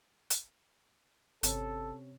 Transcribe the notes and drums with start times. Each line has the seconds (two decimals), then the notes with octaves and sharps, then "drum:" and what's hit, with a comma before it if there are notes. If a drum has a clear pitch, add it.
0.30 drum: hi-hat
1.43 G1 C3 C#4 A4, drum: hi-hat